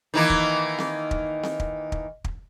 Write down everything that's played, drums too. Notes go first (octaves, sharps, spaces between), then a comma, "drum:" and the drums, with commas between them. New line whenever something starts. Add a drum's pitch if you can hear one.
D#3 E3 A#3
drum: kick
drum: snare C4
drum: kick
drum: snare C4
drum: kick
drum: kick
drum: kick